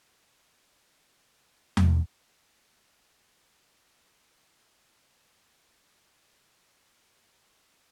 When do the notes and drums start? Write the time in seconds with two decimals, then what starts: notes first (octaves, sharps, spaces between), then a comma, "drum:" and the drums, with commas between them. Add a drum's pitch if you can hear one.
0.16 D5 A#5
1.77 drum: tom E2
2.23 F4 C5 G#5
3.55 G#3
5.85 F#2 D4 F#4 F5
6.21 B3 F#4 A5 C#6 F6
6.58 B4 G5 C6
6.94 A3 D5
7.52 D#3 B3 C4 C5 F5